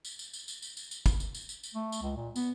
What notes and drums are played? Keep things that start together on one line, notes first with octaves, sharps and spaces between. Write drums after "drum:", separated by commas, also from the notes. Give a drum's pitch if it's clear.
drum: tambourine
drum: tambourine
drum: tambourine
drum: tambourine
drum: tambourine
drum: tambourine
drum: tambourine
drum: kick, tambourine
drum: tambourine
drum: tambourine
drum: tambourine
drum: tambourine
A3
drum: tambourine
C#2
A#2
B3, drum: tambourine